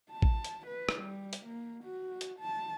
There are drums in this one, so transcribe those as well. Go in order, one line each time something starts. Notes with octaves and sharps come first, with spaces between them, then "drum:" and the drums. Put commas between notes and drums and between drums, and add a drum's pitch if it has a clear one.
A5
drum: kick A1
drum: hi-hat
B4
drum: rim click
G3
drum: hi-hat
A#3
F#4
drum: hi-hat
A5